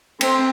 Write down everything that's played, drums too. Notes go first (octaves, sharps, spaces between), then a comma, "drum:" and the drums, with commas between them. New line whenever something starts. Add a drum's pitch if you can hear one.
C4, drum: cymbal